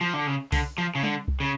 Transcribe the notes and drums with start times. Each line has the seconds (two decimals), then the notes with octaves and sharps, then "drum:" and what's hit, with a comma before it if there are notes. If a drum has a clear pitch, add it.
0.01 F3
0.14 D3
0.27 C#3
0.52 D3, drum: kick C2, open hi-hat
0.78 F3
0.95 C#3
1.03 D3, drum: tom G3
1.28 drum: kick C2
1.40 C#3